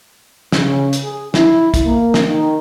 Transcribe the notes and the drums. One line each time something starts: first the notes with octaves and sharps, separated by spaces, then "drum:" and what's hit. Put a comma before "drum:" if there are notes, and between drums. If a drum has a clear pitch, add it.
C#3, drum: snare
drum: hi-hat
G#4
E4, drum: snare
drum: kick, hi-hat
A#3
drum: snare
D#3